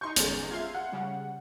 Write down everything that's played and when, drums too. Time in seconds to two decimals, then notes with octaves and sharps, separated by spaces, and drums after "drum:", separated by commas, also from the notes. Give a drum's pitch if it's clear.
0.01 D#4 C6 C#6 G6
0.16 G1 E2 G#3 C#4 A6, drum: hi-hat
0.51 F4 E5 F5 C6 G#6
0.75 F#5
0.92 C#3 G3 C#4